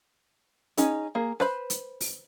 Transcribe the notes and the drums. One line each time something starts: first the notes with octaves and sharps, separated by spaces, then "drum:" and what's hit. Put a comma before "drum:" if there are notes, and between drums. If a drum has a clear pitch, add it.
C#4 D#4 G#4, drum: hi-hat
A#3 G#4
B4 C5 B5, drum: rim click
drum: hi-hat
drum: open hi-hat